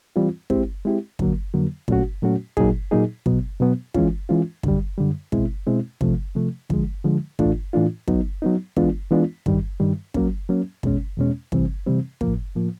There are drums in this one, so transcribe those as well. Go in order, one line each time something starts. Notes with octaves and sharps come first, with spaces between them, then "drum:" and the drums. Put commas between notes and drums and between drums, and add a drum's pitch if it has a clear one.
E3 G3 C4 F4
G#3 C4 E4 G4, drum: kick
G#3 C4 E4 G4
F2 D3 F#3 A#3, drum: kick
F2 D3 F#3 A#3
A#2 F#3 A3 C#4 F#4, drum: kick
A#2 F#3 A3 C#4 F#4
A#2 F#3 A#3 D#4 G#4, drum: kick
A#2 F#3 A#3 D#4 G#4
B2 F#3 B3, drum: kick
B2 F#3 B3
E3 G#3 C#4 F4, drum: kick
E3 G#3 C#4 F4
F#2 D3 G3, drum: kick
F#2 D3 G3
B2 G#3 C4 E4, drum: kick
B2 G#3 C4 E4
C3 F3 A3, drum: kick
C3 F3 A3
D3 F3 G#3, drum: kick
D3 F3 G#3
A2 E3 A3 D4 F4, drum: kick
A2 E3 A3 D4 F4
F#3 B3 D#4, drum: kick
F#3 B3 D#4
E3 G#3 B3 D4 F4, drum: kick
E3 G#3 B3 D4 F4
G2 D#3 G3, drum: kick
G2 D#3 G3
F#3 A#3 C#4, drum: kick
F#3 A#3 C#4
E2 B2 G#3 C#4, drum: kick
E2 B2 G#3 C#4
C3 E3 G3 C4, drum: kick
C3 E3 G3 C4
A2 F3 A#3, drum: kick
A2 F3 A#3